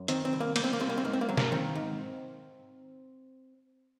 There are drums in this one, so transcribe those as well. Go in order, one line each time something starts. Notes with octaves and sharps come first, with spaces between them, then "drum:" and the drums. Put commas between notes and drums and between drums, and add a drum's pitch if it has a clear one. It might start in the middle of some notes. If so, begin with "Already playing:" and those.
Already playing: F#2
D#3 C4, drum: hi-hat
C4
C2
A#3
C2 A#3, drum: cymbal
C4
A#3
C2 C4
A#3
C4
G#2 A#3
C4
A#3
F#3 C4
A#3, drum: snare
D#3 C4
G#2